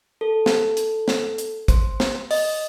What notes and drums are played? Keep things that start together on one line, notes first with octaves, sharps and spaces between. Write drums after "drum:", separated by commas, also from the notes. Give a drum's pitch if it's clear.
A4
drum: snare
drum: hi-hat
drum: snare
drum: hi-hat
C5, drum: kick, hi-hat
drum: snare
D#5, drum: open hi-hat